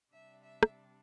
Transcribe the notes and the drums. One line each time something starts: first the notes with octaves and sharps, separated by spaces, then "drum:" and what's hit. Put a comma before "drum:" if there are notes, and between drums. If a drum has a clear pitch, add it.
C3 G3 D4 E5
E5
drum: rim click